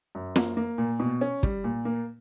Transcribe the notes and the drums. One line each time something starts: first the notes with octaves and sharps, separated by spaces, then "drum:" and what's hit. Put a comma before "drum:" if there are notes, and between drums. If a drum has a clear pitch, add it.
F#2
A#3, drum: snare
A#3
A#2
B2
C#4
G3, drum: kick
A#2
A#3